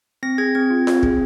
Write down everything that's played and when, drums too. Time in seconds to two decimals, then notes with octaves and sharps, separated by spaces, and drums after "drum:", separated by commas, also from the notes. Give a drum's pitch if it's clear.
0.23 C4 A#6
0.38 G#4 G#6
0.55 C4 G#6
0.71 F4
0.87 C4, drum: snare F4
1.03 G#4, drum: kick